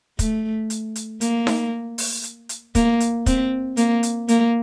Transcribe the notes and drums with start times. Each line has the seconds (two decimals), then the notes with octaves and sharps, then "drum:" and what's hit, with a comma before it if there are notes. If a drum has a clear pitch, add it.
0.19 A3, drum: kick, hi-hat
0.70 drum: hi-hat
0.96 drum: hi-hat
1.21 A#3, drum: hi-hat
1.47 drum: snare D#4
1.98 drum: open hi-hat
2.24 drum: hi-hat
2.49 drum: hi-hat
2.75 A#3, drum: kick, hi-hat
3.00 drum: hi-hat
3.26 C4, drum: kick, hi-hat
3.77 A#3, drum: hi-hat
4.03 drum: hi-hat
4.28 A#3, drum: hi-hat